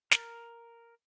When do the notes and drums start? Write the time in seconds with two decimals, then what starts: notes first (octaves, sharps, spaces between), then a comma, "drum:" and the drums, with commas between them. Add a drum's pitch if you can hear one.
0.11 A#4, drum: snare